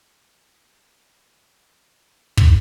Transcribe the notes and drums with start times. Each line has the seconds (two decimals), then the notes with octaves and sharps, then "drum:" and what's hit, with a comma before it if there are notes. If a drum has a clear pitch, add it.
0.12 F#6 G#6 C7 D7 G7
1.30 C4
1.58 A#4 F5
2.00 A5 B5 E6 A6
2.37 drum: kick